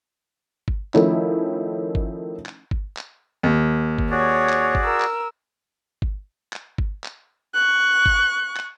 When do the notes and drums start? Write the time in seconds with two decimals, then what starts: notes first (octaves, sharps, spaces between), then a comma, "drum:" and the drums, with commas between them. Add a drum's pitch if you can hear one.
0.68 drum: kick G1
0.94 D#3 F3 A3 C#4 E4, drum: clap
1.95 drum: kick G1
2.46 drum: clap
2.71 drum: kick G1
2.97 drum: clap
3.43 D#2
3.99 drum: kick G1
4.11 F#4 G#4 C#5 D5
4.49 drum: clap
4.75 drum: kick G1
4.84 A#4 E6
5.00 drum: clap
6.02 drum: kick G1
6.53 drum: clap
6.78 drum: kick G1
7.04 drum: clap
7.55 C#6 F#6
8.06 drum: kick G1
8.57 drum: clap